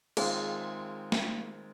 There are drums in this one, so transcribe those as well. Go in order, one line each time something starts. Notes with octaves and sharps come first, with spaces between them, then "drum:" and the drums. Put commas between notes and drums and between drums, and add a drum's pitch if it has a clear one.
D#3 G#3 C4 F4 G#4, drum: cymbal
drum: snare